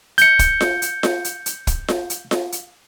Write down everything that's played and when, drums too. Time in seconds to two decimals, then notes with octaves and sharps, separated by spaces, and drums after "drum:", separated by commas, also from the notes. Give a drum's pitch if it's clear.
0.18 G6 C#7, drum: hi-hat
0.39 drum: kick, hi-hat
0.61 drum: snare F4
0.82 drum: hi-hat
1.03 drum: snare F4
1.24 drum: hi-hat
1.46 drum: hi-hat
1.67 drum: kick, hi-hat
1.88 drum: snare F4
2.10 drum: hi-hat
2.31 drum: snare F4
2.52 drum: hi-hat